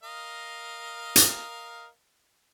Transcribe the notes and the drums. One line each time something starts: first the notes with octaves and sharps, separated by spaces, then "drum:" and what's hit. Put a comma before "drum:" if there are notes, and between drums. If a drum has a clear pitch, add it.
A#4 D#5 F5
drum: hi-hat